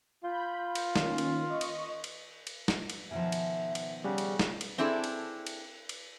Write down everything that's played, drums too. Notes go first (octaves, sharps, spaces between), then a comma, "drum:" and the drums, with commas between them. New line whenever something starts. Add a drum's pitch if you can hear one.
F4 B5 G6
drum: cymbal
D#3 A#3 C#4, drum: snare
drum: cymbal
D#5 C#6
drum: cymbal
drum: cymbal
drum: cymbal
drum: snare
drum: cymbal
B2 D#3 F3 E5 G#5
drum: cymbal
drum: cymbal
C#3 G3 F#5
drum: cymbal
drum: snare
drum: cymbal
C4 D4 E4 G#4 A4
drum: cymbal
drum: cymbal
drum: cymbal